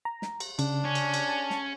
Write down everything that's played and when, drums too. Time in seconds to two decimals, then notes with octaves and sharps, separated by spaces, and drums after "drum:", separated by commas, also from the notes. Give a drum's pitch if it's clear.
0.05 A#5
0.22 drum: snare
0.40 drum: cymbal
0.59 C#3 D4, drum: cymbal
0.85 C#4
0.95 drum: cymbal
1.14 drum: cymbal
1.29 A5
1.50 drum: snare